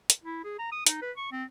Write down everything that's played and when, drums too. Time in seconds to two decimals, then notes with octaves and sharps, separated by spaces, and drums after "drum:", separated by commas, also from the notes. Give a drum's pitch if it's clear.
0.10 drum: hi-hat
0.24 E4
0.45 G#4
0.59 A#5
0.72 D#6
0.87 D#4, drum: hi-hat
1.02 B4
1.17 C#6
1.32 C4